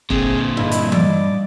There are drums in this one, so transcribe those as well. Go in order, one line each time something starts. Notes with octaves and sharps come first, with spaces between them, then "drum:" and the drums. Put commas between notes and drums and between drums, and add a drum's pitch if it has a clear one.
A#2 D3 C4 G#4, drum: kick E1
G2 E4 D#5
drum: hi-hat
D5, drum: tom E3